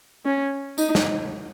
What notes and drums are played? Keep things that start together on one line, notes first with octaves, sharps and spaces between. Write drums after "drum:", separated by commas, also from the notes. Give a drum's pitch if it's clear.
C#4
D#4, drum: tambourine
drum: snare